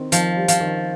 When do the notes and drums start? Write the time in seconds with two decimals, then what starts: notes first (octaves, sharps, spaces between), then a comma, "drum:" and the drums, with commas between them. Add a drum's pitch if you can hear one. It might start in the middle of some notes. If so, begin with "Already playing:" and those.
Already playing: D#3 C4
0.12 D#3 F3, drum: hi-hat
0.36 G3
0.48 F3, drum: hi-hat
0.60 D#3